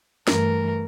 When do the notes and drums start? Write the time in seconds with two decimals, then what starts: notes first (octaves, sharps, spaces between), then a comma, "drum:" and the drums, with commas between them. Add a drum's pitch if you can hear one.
0.28 G2 E3 A3 A#4, drum: snare